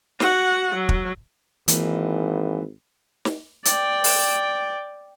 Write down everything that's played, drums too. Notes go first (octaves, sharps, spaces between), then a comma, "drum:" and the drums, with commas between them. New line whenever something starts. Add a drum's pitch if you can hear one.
F#4 F#5, drum: snare
F#3
drum: kick
G#1 E3 A#3 D#4, drum: hi-hat
drum: snare
D5 G5, drum: hi-hat
drum: open hi-hat